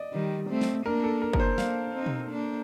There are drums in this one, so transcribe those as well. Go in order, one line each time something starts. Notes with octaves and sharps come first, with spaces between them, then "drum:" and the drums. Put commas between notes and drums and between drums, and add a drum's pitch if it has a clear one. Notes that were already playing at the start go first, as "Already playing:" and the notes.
Already playing: D5 D#5
D#3 G3
A3 C4
drum: snare
A#3 D4 A#4
A4
A#4
A#4, drum: kick
C5
A#3 D4 F5, drum: snare
C4 D#4
drum: tom B2
A#3 D4